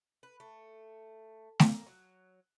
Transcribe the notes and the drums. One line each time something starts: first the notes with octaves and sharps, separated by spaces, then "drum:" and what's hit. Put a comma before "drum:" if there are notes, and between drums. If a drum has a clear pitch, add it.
B4
A3
A#3, drum: snare A3
F#3